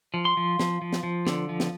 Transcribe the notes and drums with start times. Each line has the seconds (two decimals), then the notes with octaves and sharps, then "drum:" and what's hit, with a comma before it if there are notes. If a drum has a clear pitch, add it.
0.14 F3
0.25 C6
0.37 F3
0.60 F3, drum: snare
0.82 F3
0.93 drum: snare
1.03 F3
1.27 D3, drum: snare
1.49 F3
1.60 drum: snare